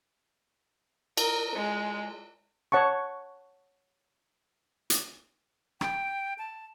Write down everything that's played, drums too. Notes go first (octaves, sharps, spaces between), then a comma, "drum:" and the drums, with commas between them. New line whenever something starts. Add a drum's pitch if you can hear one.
A#4, drum: cymbal
G#3
C#5 F#5 A5 C#6
drum: hi-hat
G5, drum: rim click
A5